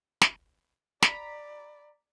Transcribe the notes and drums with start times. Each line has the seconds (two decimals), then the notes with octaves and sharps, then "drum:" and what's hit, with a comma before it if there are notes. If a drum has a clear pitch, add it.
0.21 drum: snare
1.02 D5 A#5 B5, drum: snare